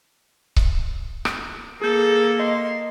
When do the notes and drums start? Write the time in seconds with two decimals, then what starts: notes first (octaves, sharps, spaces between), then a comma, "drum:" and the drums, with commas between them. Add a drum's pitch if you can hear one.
0.56 drum: kick C#1
1.25 drum: rim click
1.81 A#3 G#4 A4 G6
2.40 D#5 C6